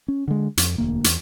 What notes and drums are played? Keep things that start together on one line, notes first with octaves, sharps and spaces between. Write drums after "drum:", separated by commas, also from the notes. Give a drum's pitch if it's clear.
C#4
D3 G#3
F2, drum: hi-hat
E1 D2 A#3
E2, drum: hi-hat